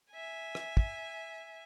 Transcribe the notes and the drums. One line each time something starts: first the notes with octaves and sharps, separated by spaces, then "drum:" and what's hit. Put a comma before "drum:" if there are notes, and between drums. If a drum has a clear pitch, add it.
E5 G#5
drum: rim click
drum: kick